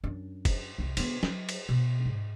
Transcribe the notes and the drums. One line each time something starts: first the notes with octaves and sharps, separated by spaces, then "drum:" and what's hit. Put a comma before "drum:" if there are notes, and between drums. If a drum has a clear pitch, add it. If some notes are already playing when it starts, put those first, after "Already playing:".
F#2 D4
drum: kick F#1, cymbal
C2 F2
D3 B3, drum: cymbal
F#3, drum: snare
drum: cymbal
B2
G#2